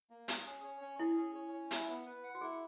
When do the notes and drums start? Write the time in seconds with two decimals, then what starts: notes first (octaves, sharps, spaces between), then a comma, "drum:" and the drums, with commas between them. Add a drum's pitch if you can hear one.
0.10 A#3
0.28 G#4, drum: hi-hat
0.46 C#4
0.63 C#5
0.81 C#4
0.99 E4 G#4
1.17 C#4
1.35 C#5
1.52 C#4
1.71 E4, drum: hi-hat
1.88 B3
2.06 B4
2.23 F#5
2.35 F#4
2.41 E4 G#4